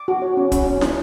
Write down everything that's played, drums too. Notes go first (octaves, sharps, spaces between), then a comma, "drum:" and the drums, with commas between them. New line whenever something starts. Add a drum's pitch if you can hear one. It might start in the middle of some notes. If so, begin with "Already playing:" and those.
Already playing: D6
F#4
C#5
C#4
C#4, drum: kick, hi-hat
C#4
D4, drum: snare